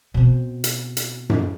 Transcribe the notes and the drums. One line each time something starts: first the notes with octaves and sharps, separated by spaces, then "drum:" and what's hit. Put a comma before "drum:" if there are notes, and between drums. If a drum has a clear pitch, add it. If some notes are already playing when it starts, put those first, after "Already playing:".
B2 C4
drum: hi-hat
drum: hi-hat
drum: tom F#2